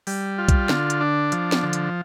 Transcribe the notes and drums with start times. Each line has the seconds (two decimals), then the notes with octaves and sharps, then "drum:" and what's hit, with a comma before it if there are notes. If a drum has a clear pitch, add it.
0.07 G3, drum: open hi-hat
0.38 F4
0.49 drum: kick, hi-hat
0.69 D3, drum: snare
0.90 drum: hi-hat
1.01 D4
1.32 F3, drum: hi-hat
1.52 drum: snare
1.63 D3
1.73 drum: hi-hat